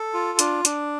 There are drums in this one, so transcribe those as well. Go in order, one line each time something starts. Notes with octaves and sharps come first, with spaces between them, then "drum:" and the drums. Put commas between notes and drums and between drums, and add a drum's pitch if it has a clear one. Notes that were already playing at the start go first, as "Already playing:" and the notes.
Already playing: A4
F4
D4, drum: hi-hat
D4, drum: hi-hat